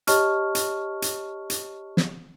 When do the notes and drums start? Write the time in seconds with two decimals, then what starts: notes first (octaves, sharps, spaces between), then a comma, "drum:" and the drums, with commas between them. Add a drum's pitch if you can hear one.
0.07 G4 C#5 D#5 A5 C#6 F6, drum: hi-hat
0.55 drum: hi-hat
1.02 drum: hi-hat
1.50 drum: hi-hat
1.97 drum: snare